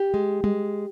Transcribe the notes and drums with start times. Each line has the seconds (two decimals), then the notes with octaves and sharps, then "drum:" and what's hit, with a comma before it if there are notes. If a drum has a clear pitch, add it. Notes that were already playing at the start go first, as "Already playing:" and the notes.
Already playing: G4
0.14 G#3
0.44 G#3, drum: tom